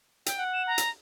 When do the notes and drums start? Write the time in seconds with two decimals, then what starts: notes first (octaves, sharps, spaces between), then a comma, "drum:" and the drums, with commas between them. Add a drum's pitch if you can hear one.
0.26 G5, drum: hi-hat
0.38 F#5
0.53 E7
0.67 A#5
0.78 drum: hi-hat